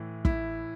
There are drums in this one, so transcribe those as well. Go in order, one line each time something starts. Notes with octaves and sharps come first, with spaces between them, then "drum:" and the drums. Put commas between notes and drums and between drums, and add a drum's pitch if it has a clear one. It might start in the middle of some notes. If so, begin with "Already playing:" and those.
Already playing: A2 E3
E4, drum: kick